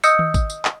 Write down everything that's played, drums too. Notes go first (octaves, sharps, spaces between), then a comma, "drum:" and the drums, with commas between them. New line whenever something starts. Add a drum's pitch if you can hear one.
D#5 D#6 E6 G6 C#7, drum: tambourine
drum: tom D#3
drum: kick G#1, tambourine
drum: tambourine
drum: clap